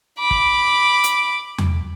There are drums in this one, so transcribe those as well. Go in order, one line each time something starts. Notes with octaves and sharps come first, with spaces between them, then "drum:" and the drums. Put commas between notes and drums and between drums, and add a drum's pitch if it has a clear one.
B5 D6
drum: kick
drum: hi-hat
drum: tom E2